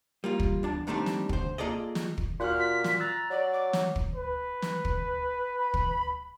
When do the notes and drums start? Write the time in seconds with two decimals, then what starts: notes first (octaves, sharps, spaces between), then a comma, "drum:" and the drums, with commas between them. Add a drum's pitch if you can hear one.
0.24 G3 A#3 F4
0.40 drum: kick
0.63 E2 D4 A5
0.87 A2 D#3 G3 A3 C4 D4
1.06 drum: snare
1.29 D2 C5, drum: kick
1.58 A#3 F4 G#4 A4 D5 D#5
1.95 drum: snare
2.18 drum: kick
2.40 A#2 F4 F#4 F6 F#6
2.59 B6
2.84 drum: snare
3.00 A#5 E6 F#6 A6
3.30 F#3 D5
3.53 D6
3.73 drum: snare
3.96 drum: kick
4.15 B4
4.62 drum: snare
4.85 drum: kick
5.58 B5
5.74 drum: kick